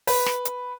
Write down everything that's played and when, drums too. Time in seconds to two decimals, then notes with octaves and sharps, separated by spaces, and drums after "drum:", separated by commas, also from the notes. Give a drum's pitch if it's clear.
0.07 B4, drum: open hi-hat
0.26 drum: snare
0.45 drum: hi-hat